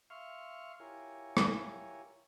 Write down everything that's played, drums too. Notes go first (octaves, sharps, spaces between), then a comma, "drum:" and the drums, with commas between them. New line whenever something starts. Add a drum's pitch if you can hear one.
E5 F5 C6 C#6 F6
E4 F4 G4 A#4 C#5 G#5
drum: rim click